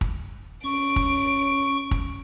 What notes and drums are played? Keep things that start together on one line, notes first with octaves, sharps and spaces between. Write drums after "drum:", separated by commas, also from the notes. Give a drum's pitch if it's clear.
drum: kick
C#4 C#6 D7
drum: kick
drum: kick